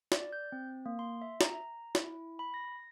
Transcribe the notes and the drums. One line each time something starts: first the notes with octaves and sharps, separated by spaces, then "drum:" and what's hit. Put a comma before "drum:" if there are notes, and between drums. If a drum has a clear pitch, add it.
D5, drum: snare
G6
C4
A#3
C6
E5
A#5, drum: snare
E4, drum: snare
B5
A#6